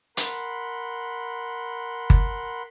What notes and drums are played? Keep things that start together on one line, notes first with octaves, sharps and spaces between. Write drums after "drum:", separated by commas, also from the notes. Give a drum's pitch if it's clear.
A#4 F#5 B5 C6, drum: hi-hat
drum: kick G1